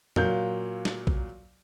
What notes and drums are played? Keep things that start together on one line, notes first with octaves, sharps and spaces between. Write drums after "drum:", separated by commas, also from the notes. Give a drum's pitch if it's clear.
A#2 F#3 F5 G6, drum: tom F2
drum: snare
drum: kick A#1